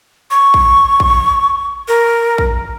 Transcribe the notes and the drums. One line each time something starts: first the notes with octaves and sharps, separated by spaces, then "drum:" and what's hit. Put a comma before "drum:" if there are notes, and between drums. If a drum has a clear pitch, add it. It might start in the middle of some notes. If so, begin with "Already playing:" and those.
C#6
drum: kick A#1
drum: kick A#1
A#4
drum: kick A#1